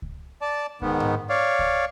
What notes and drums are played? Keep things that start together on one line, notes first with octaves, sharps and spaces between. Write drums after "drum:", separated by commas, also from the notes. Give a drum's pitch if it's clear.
drum: kick C#2
D5 A5
G#2 D#3 B3, drum: kick C#2
drum: tom G#2
C#5 D5 F5
drum: kick C#2